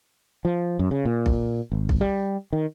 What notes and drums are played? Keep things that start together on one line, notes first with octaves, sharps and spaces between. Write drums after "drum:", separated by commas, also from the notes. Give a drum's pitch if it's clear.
F3
F#2
C#3
A#2
drum: kick B1
G#1
drum: kick B1
G3
D#3